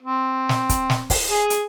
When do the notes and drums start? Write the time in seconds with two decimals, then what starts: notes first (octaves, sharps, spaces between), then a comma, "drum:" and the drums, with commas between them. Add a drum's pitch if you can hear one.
0.03 C4
0.49 drum: snare
0.69 drum: kick, hi-hat
0.90 drum: snare
1.10 drum: kick, open hi-hat
1.30 G#4 G#5
1.50 drum: hi-hat